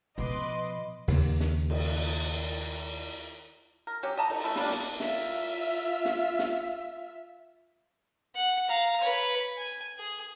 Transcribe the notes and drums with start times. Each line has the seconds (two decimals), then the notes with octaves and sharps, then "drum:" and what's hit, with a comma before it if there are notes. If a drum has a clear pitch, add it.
0.18 B2 F3 B4 D#5 C6 D6
1.08 D#2 C#3 A#3, drum: open hi-hat
1.40 drum: snare
1.70 drum: cymbal
3.87 A#4
4.03 F#3 C#4 G4
4.17 D#5 A5 A#5
4.30 D#4, drum: cymbal
4.44 A3 C#4 E4
4.56 F3 G3 A#3 D4, drum: snare
4.70 drum: snare
5.00 F4 E5, drum: snare
6.05 drum: snare
6.39 drum: snare
8.35 F#5
8.69 F5 A#5, drum: hi-hat
9.01 B4 C#5
9.58 G#5
9.98 G#4